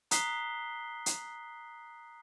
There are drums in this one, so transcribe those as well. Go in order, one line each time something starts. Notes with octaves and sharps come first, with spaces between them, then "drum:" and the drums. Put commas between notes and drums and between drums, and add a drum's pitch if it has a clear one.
A#5 D#6 F#6 B6 C7 G7, drum: hi-hat
drum: hi-hat